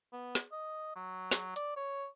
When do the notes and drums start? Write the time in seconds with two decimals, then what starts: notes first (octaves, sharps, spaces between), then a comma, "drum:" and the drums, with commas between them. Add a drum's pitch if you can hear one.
0.13 B3
0.35 drum: snare
0.52 D#5
0.96 F#3
1.31 drum: snare
1.56 D5, drum: hi-hat
1.77 C#5